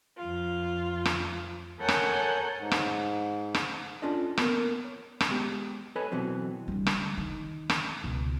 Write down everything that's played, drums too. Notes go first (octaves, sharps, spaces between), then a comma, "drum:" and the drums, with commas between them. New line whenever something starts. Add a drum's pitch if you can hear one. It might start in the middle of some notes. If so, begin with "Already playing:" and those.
F2 F4
drum: rim click
A4 A#4 C#5 F#5 G#5 G6
drum: rim click
G#2
drum: rim click
drum: rim click
C#4 D4 F4 A4 D5 D#5
A#3 B3 A#4, drum: rim click
C#5
drum: rim click
G#3 B3 G4
A4 B4 C#5 D#5 G#5 B5
B2 E3 F#3 C4
D3 G3
drum: rim click
D#3
drum: rim click
C#2 B2